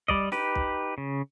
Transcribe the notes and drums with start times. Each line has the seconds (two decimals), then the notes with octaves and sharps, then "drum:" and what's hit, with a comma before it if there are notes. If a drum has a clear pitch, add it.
0.08 G3 D5 D#5, drum: kick
0.32 D#4 G4 B4, drum: snare
0.55 drum: kick
0.98 C#3